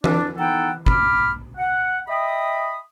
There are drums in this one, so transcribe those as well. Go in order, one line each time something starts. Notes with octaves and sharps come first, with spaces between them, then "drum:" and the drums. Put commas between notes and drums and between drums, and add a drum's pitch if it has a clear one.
D4, drum: tom E3
B3 D#4 E4 A4 F#5 G5
B5 D6 F6, drum: kick
F#5
D#5 E5 G5 B5 D#6